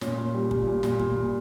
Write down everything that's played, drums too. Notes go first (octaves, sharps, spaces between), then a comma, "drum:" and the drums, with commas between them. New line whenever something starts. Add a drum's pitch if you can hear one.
A#2 C#4, drum: snare
A#2
G3
A#2, drum: kick
A#2
A#2, drum: snare
A#2, drum: kick
A#2